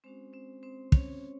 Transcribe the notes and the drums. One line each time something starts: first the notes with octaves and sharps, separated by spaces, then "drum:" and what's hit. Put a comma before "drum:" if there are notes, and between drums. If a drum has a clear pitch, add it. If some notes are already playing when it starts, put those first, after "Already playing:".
G#3 C4 C#4 F#4 C5
C4 C5
C4 C5
C#4 C#5, drum: kick